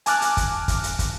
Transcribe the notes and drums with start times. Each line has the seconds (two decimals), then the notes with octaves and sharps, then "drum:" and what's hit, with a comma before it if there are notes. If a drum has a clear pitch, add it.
0.06 G#5 A5 D6 F6 F#6, drum: hi-hat
0.21 drum: hi-hat
0.37 drum: kick, hi-hat
0.68 drum: kick, hi-hat
0.83 drum: hi-hat
0.99 drum: kick, hi-hat